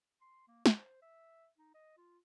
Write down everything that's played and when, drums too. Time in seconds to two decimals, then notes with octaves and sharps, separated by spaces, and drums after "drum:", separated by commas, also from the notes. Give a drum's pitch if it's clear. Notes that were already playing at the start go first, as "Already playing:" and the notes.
0.21 C6
0.48 A#3
0.66 E4, drum: snare
0.78 C5
1.02 E5
1.58 D#4
1.74 D#5
1.97 F4